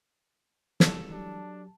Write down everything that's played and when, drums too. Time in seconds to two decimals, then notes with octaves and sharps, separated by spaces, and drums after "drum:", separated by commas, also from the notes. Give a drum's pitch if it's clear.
0.80 E3 G3 G#3 A4, drum: snare
1.11 F#3 D4 G4